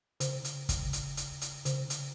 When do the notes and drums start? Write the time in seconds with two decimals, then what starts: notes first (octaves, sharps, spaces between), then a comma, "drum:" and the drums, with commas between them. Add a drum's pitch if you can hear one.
0.20 C#3, drum: hi-hat
0.45 drum: hi-hat
0.69 drum: kick, hi-hat
0.93 drum: hi-hat
1.17 drum: hi-hat
1.42 drum: hi-hat
1.65 C#3, drum: hi-hat
1.90 drum: hi-hat